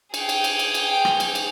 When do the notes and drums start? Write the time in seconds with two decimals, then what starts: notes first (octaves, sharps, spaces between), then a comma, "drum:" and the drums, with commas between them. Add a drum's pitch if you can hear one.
0.14 G#4 G5, drum: cymbal
0.29 drum: cymbal
0.44 drum: cymbal
0.59 drum: cymbal
0.74 drum: cymbal
1.05 drum: rim click
1.20 drum: cymbal
1.35 drum: cymbal